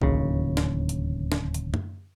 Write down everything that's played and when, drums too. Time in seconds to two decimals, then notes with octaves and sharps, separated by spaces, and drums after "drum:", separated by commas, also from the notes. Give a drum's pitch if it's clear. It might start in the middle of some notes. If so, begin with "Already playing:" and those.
0.02 D1 D#2 C#3, drum: kick A#1
0.57 drum: snare
0.89 drum: hi-hat
1.32 drum: snare
1.54 drum: hi-hat
1.74 drum: tom F#2